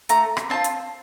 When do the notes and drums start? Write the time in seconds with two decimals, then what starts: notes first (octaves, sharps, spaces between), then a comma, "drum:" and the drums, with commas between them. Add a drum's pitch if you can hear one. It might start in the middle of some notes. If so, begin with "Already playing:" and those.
0.09 A3 A#5, drum: hi-hat
0.37 drum: rim click
0.50 C4 F4 A5
0.64 drum: hi-hat